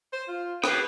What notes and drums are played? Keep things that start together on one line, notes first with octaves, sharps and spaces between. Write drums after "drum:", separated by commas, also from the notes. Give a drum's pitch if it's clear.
C5
F4
G#4 B4 G5, drum: rim click